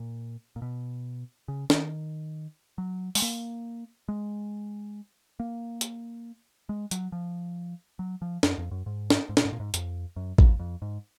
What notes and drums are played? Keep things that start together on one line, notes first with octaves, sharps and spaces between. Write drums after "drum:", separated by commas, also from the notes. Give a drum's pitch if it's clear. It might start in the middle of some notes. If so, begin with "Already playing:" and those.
Already playing: A#2
A#2
B2
C#3
D#3, drum: snare
F#3
G#3, drum: open hi-hat
A#3
G#3
A#3
drum: hi-hat
G#3
F#3, drum: hi-hat
F3
F#3
F3
F#2, drum: snare
F2
F#2
G#2
drum: snare
G#2
A#2, drum: snare
G#2
A#2
G#2
F2, drum: hi-hat
F#2
F2, drum: kick A1
F2
G#2